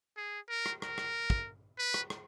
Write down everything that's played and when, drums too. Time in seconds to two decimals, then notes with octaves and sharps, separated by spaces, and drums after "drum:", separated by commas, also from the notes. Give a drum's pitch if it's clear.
0.17 G#4
0.49 A#4
0.66 drum: rim click
0.82 A#4, drum: rim click
0.98 drum: rim click
1.30 drum: kick
1.79 B4
1.94 drum: rim click
2.10 drum: rim click